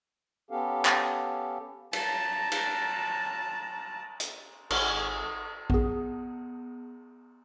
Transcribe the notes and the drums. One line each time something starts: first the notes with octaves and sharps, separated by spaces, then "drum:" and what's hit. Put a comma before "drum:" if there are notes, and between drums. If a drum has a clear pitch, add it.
B3 C#4 G4 A4 F5
drum: clap
A5 A#5, drum: cymbal
drum: cymbal
drum: hi-hat
G#1 D#4 G#4 A4 F#5 G#6, drum: cymbal
B3 G#4, drum: kick A#1